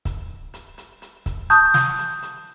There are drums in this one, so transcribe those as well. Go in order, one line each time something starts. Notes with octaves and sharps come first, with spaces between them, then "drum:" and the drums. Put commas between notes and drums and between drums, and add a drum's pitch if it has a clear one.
drum: kick C#1, hi-hat
drum: hi-hat
drum: hi-hat
drum: hi-hat
drum: kick C#1, hi-hat
A5 C#6 D#6 F#6 G6, drum: hi-hat
drum: snare
drum: hi-hat
drum: hi-hat